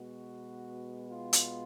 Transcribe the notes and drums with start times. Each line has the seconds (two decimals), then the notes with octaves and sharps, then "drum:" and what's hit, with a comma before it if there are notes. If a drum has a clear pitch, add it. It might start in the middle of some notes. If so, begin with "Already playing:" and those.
Already playing: B2 G#3 B3 F#4
1.10 F4
1.33 drum: hi-hat